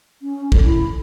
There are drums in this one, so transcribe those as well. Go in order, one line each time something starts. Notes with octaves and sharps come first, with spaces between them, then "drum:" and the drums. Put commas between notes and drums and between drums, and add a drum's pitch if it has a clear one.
C#4
A4, drum: kick
E4